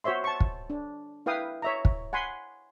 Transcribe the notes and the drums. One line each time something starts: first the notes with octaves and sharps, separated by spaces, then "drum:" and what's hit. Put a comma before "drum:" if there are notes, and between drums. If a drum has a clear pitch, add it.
F#4 C5 C#5 E5 C6
A5 C#6
drum: kick
D4
E4 B4 F5 G5 D#6
C#5 E5 A#5
drum: kick
F#5 G#5 B5 C6